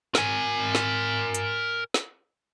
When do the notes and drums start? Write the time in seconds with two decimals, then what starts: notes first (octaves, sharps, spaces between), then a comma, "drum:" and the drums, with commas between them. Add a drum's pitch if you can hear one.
0.15 A#4 G#5, drum: snare
0.75 drum: snare
1.35 drum: hi-hat
1.94 drum: snare